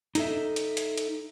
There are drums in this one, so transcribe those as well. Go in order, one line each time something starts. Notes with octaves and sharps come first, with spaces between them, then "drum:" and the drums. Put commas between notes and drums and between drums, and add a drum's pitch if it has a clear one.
D#4 A4 E5, drum: hi-hat
drum: hi-hat
drum: hi-hat
drum: hi-hat